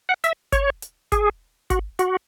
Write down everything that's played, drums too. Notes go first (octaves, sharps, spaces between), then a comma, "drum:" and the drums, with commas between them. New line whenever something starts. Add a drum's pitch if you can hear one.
F#5
E5, drum: hi-hat
C#5, drum: kick G#1, hi-hat
drum: hi-hat
G#4, drum: kick G#1, hi-hat
F#4, drum: kick G#1, hi-hat
F#4, drum: hi-hat